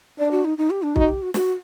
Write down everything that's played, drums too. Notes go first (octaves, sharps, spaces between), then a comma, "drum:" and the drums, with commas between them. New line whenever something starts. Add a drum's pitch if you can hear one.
D4 D5
F#4
D#4
D#4
G4
D4
D#4 F#4, drum: kick
G4
F#4
F#4, drum: snare